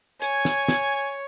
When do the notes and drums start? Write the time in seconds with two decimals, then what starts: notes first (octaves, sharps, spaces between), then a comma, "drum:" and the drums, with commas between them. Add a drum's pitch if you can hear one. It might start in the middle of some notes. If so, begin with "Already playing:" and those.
0.22 C#5 G#5, drum: hi-hat
0.45 drum: snare
0.68 drum: snare